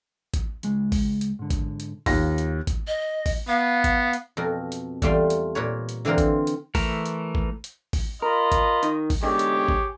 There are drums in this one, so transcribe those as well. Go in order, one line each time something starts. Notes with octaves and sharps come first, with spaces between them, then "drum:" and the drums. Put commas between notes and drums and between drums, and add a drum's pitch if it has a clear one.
drum: kick, hi-hat
C#2 G#3, drum: hi-hat
drum: kick, open hi-hat
drum: hi-hat
G#2 D3
drum: kick, hi-hat
drum: hi-hat
D#2 F4 A#6, drum: kick, open hi-hat
drum: hi-hat
drum: kick, hi-hat
D#5
drum: kick, open hi-hat
B3 F5
drum: kick, hi-hat
drum: hi-hat
F2 B2 A#4
drum: hi-hat
E2 G3 A3 F4 G5 C6, drum: kick, hi-hat
drum: hi-hat
A#2 A#4 B4 C#5
drum: hi-hat
D3 E3 C4 F4 A#4
drum: kick, hi-hat
drum: hi-hat
E3 A3 A#4, drum: kick, open hi-hat
drum: hi-hat
drum: kick
drum: hi-hat
drum: kick, open hi-hat
F4 A#4 D#5 B5
drum: kick, hi-hat
D#3, drum: hi-hat
drum: kick, open hi-hat
E2 D3 G#3 G4 G#4 C#5
drum: hi-hat
drum: kick